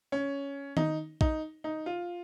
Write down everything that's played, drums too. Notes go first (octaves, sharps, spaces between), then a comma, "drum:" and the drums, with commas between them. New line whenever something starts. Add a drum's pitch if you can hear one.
C#4
D#4, drum: tom D#3
D#4, drum: kick
D#4
F4